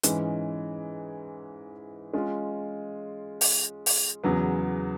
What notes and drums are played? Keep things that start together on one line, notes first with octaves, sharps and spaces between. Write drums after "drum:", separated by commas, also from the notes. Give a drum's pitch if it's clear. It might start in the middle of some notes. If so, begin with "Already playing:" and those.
G#2 E3 G#3 C#4, drum: hi-hat
G#3 C#4 F4
drum: open hi-hat
drum: open hi-hat
E2 C#3 F#3 B3